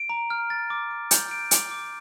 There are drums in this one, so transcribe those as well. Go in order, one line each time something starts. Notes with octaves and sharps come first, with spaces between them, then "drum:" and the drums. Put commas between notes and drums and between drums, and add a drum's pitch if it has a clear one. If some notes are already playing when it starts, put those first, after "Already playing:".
Already playing: D7
A#5
F6
A6
D6
D6
G6, drum: hi-hat
D7
D6, drum: hi-hat
D6